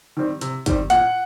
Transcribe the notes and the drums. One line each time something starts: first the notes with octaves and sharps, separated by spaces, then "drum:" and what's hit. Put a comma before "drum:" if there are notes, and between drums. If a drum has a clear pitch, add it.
D#3 G3 C4
C3, drum: hi-hat
D#3 G3 C4, drum: kick, hi-hat
A#2 F#5, drum: hi-hat